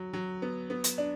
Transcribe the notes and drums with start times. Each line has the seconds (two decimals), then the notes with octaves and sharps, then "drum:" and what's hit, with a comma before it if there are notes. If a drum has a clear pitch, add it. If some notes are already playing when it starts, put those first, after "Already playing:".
Already playing: F#3
0.13 F#3
0.42 B3
0.70 B3
0.84 drum: hi-hat
0.98 D4